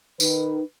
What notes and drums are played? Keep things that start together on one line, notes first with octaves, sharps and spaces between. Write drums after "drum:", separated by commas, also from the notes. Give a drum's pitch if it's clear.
D#3 D#4 B4, drum: tambourine